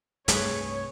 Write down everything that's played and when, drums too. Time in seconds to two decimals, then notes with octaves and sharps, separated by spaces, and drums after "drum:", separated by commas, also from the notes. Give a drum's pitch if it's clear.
0.28 C2 G2 A3 G#4 B4 C#5, drum: hi-hat